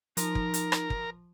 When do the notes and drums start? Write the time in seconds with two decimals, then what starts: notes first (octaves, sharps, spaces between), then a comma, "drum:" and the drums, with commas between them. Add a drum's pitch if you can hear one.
0.17 F3 D#4 A#4, drum: hi-hat
0.35 drum: kick
0.54 drum: hi-hat
0.72 drum: rim click
0.90 drum: kick